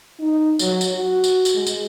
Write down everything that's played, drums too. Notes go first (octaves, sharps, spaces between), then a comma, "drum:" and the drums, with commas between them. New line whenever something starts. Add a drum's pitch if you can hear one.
D#4
F#3, drum: tambourine
drum: tambourine
F#4
drum: tambourine
drum: tambourine
G#3
drum: tambourine